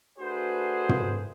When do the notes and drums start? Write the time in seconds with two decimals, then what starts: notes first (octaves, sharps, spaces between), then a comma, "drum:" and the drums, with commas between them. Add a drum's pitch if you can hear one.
0.18 A3 D4 F#4 G#4 B4 C5
0.89 drum: tom